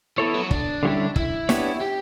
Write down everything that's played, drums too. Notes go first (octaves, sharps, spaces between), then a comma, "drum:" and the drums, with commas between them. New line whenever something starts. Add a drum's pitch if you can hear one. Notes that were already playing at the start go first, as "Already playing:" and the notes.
E3 B3 E4 A4 C#5
F#3
D4, drum: kick
D3 G3 C#4 E4 G4
E4, drum: kick
B3 D4 G4 C#5, drum: snare
G4